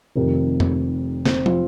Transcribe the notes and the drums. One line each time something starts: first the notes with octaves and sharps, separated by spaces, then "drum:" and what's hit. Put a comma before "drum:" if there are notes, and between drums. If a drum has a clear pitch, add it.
F1 F2 C3 D#3 A#4
drum: tom F2
C4, drum: snare
F4, drum: tom